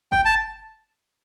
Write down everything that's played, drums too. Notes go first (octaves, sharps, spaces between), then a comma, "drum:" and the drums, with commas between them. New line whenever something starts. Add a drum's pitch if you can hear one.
G5, drum: kick
A5